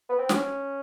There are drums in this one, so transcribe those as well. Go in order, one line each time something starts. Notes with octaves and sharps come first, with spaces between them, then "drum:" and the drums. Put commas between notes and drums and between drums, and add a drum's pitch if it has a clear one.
B3
C4
C#4, drum: snare